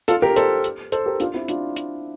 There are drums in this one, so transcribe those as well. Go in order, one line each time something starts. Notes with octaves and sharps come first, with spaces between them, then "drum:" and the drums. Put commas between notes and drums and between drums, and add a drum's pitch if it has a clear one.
F4 A4, drum: hi-hat
G4 A#4
A4 C5, drum: hi-hat
drum: hi-hat
A4 C5, drum: hi-hat
G4 A#4
D4 F4, drum: hi-hat
C4 E4
D4 F4, drum: hi-hat
drum: hi-hat